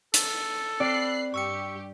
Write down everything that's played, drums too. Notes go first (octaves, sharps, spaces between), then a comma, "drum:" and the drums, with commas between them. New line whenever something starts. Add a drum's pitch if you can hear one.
A4, drum: hi-hat
C4 D5 B5 F#6 C7
G2 G4 C#6 E6 C#7